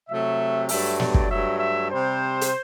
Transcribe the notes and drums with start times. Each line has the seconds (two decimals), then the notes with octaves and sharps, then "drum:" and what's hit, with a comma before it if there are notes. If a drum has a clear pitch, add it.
0.09 C3 F#3 A3 E5
0.69 G2 F#3 A3 E5, drum: open hi-hat
1.00 D5, drum: snare
1.14 drum: kick
1.29 G2 F#3 A3 E5
1.59 E5
1.90 C3 G3 C5
2.41 drum: hi-hat